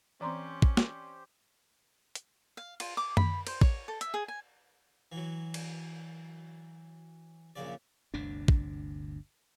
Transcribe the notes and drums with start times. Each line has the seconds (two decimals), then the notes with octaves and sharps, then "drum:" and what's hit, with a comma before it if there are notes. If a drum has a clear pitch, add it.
0.21 E3 C4 C#4 G4 C5 D5 A#5 C6
0.62 drum: kick
0.77 drum: snare
2.15 drum: hi-hat
2.57 F5
2.80 F4, drum: cymbal
2.97 D6
3.17 B5, drum: tom F#2
3.47 C5, drum: cymbal
3.61 C#5, drum: kick
3.88 A4
4.01 E5, drum: hi-hat
4.14 G#4
4.28 G#5
5.12 E3 F#3
5.54 drum: cymbal
7.56 A#1 F#2 C#3 D5
8.14 G1 D2 C3 D4
8.48 drum: kick